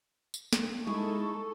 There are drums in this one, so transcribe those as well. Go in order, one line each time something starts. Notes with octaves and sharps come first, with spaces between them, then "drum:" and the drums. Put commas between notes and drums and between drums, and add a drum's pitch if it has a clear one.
drum: tambourine
drum: snare
G#3 D#4 E4 G#4 A4 C#6